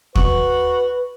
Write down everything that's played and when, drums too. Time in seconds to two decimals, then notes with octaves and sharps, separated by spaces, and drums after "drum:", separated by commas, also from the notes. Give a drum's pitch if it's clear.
0.15 F#4 B4, drum: kick